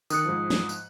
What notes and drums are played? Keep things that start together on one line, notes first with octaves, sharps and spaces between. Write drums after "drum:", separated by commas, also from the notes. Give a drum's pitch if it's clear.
D#3 D#6 F#6 C#7, drum: tambourine
G#2 F3
drum: snare
F#6, drum: tambourine